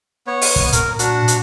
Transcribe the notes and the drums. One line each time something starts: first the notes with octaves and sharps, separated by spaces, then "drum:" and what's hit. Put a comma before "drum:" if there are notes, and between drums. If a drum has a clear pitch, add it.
B3 C#5
drum: open hi-hat
drum: kick
A#2 A#4, drum: hi-hat
D4 F#4, drum: hi-hat
drum: hi-hat